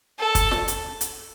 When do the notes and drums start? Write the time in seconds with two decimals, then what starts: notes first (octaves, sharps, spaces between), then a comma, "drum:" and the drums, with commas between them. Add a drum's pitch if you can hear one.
0.18 A4
0.35 drum: kick, hi-hat
0.51 drum: snare
0.68 drum: hi-hat
1.01 drum: hi-hat